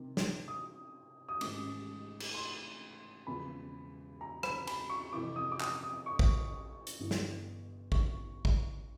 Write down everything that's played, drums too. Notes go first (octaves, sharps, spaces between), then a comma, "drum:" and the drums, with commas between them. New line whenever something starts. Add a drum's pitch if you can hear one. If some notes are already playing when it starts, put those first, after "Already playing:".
Already playing: C3 D#3
drum: snare
D#6
D#6
A1 G#2 D#3 G#3 D6, drum: cymbal
drum: cymbal
C6
E1 E2 C#3 F3 B5
A#5
B5, drum: rim click
B5, drum: cymbal
C#6
F2 C3 E3 D6
D#6
D6
D#6, drum: clap
D#6
C#6
drum: kick
drum: hi-hat
G1 G2 E3
drum: snare
C#6, drum: kick
drum: kick